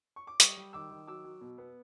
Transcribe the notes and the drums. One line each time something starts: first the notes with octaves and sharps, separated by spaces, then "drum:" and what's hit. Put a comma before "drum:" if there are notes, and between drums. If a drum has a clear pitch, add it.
C#6
D6
G3 C#6 D#6, drum: hi-hat
G3
D#3 D6 E6
D#3
F#3 D6 E6
F#3
B2
B3